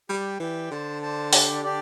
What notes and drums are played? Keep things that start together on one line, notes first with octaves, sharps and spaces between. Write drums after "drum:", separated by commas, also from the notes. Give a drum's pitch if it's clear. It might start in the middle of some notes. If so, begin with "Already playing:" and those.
G3 G4 D5 G5
E3 G4 D5 G5
D3 D4 C5 A5
D4 C5 A5
D4 G4 D5, drum: open hi-hat
D4 G4 D5